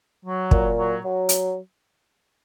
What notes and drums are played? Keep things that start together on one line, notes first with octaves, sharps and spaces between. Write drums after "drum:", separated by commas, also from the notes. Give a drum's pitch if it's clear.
F#3
A#2, drum: kick
F#3
F#3
drum: hi-hat